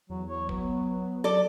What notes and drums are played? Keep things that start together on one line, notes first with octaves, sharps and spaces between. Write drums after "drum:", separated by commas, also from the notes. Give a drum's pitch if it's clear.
E2 F#3
C#5
F#3 B3, drum: kick F#1
F#3 A4 D5